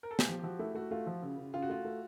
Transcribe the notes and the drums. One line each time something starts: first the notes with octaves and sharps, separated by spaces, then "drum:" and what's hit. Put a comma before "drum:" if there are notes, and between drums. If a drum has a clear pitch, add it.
A#4
A4
G#4, drum: snare
F3 G4
G4
F3 F#4
A3 E4
A3 F#4
A3 F4
F3
C#3
C#3
C#3 F4
F#4
A3 F4
A3